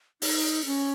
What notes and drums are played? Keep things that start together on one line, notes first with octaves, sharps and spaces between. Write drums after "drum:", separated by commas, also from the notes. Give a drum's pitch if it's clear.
D#4, drum: open hi-hat
C#4